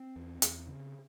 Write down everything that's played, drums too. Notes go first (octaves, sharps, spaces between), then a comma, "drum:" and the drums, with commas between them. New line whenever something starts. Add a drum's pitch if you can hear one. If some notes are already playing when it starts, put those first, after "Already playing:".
Already playing: C4
E2
E2, drum: hi-hat
C#3